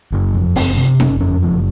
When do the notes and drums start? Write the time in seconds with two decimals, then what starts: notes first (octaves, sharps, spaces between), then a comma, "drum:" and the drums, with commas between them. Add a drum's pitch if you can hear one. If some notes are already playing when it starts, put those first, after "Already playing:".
0.12 F#1
0.34 F2
0.56 F#1 C4, drum: open hi-hat
0.77 C3 C4
1.00 F#1 C#4, drum: snare D#4
1.21 F2 C#4
1.43 F#1 F3